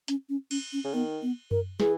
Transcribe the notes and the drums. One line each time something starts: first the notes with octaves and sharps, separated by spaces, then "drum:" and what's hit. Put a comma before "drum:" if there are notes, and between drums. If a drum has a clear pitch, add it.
C#4, drum: hi-hat
C#4
C#4, drum: cymbal
C#4
C#3
D#3 B3
B3
A#4, drum: tom F#2
E3 G#4, drum: snare